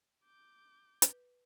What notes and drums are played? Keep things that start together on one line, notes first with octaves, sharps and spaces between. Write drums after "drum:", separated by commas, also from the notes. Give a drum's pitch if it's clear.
D6 G6
B4, drum: hi-hat